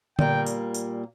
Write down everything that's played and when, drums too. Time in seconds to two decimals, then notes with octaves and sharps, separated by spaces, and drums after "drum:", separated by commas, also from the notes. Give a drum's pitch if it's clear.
0.19 A#2 G3 A#3 G5, drum: tom D3
0.46 drum: tambourine
0.74 drum: tambourine